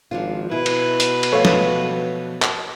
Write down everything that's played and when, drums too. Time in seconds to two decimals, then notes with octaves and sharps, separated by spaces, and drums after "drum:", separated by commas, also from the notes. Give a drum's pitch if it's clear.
0.11 G#1 F3 D4 F4
0.51 B2 E4 G#4 B4
0.66 drum: cymbal
1.00 drum: hi-hat
1.23 drum: cymbal
1.32 F3 A3 C#5 F5
1.45 drum: snare
2.42 drum: clap